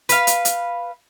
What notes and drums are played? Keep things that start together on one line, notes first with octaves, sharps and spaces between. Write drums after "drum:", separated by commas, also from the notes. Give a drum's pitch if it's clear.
B4 F5, drum: hi-hat
drum: hi-hat
drum: hi-hat